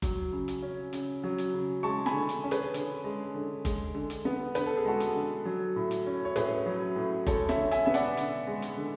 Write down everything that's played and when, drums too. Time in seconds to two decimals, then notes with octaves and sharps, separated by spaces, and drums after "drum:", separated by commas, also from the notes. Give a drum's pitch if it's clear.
0.02 F#3, drum: kick F#1, hi-hat
0.33 C#3
0.48 drum: hi-hat
0.62 C#4
0.93 C#3, drum: hi-hat
1.24 F#3
1.38 drum: hi-hat
1.54 C#3
1.83 G#3 A5 C#6
2.06 G#5 B5, drum: snare
2.14 D3
2.29 drum: hi-hat
2.44 C#4
2.51 G#4 B4, drum: hi-hat
2.74 D3, drum: hi-hat
3.04 G#3
3.34 D3
3.65 G#3, drum: kick F#1, hi-hat
3.95 D3
4.10 drum: hi-hat
4.25 B3
4.55 D3 B4, drum: hi-hat
4.66 A4
4.77 G#4
4.85 G#3 F#4 A4
5.00 drum: hi-hat
5.15 D3
5.45 F#3
5.76 A2
5.91 drum: hi-hat
6.06 C#4
6.25 C#5
6.36 A2 G#4 B4, drum: hi-hat
6.66 F#3
6.96 A2
7.27 G#3 A4 C#5, drum: kick F#1, hi-hat
7.49 C#5 E5, drum: snare
7.57 D3
7.71 E5 G#5, drum: hi-hat
7.86 B3 E5
7.94 D5 F#5, drum: hi-hat
8.17 D3, drum: hi-hat
8.47 G#3
8.62 drum: hi-hat
8.77 D3